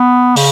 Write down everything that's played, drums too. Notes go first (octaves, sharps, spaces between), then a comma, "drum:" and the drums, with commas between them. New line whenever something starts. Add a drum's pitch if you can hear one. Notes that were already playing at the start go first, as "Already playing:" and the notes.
Already playing: B3
C#3, drum: open hi-hat